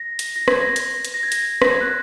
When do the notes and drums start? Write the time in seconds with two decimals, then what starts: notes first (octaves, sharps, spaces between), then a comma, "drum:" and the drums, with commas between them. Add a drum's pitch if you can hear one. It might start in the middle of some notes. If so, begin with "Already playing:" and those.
Already playing: A#6
0.19 drum: hi-hat
0.36 A#6
0.48 G#6, drum: rim click
0.62 A#6
0.76 drum: hi-hat
1.05 drum: hi-hat
1.14 A#6
1.23 G#6
1.32 A#6, drum: hi-hat
1.62 A#6, drum: rim click
1.71 G#6
1.81 F#6